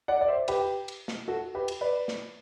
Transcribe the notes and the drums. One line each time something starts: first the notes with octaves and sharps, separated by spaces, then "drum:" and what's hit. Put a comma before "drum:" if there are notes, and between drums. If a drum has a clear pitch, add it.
D5 F#5
D5
C5 E5
G4 B4, drum: cymbal
drum: cymbal
drum: snare
F#4 A4
G4 B4
drum: cymbal
B4 D5
drum: snare